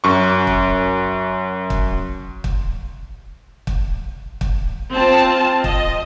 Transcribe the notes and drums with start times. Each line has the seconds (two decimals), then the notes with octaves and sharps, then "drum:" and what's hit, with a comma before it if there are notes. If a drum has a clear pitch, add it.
0.04 F#2 C#6
0.47 drum: kick
1.70 drum: kick
2.44 drum: kick
3.67 drum: kick
4.41 drum: kick
4.92 C4 F4 A5
5.64 D#5, drum: kick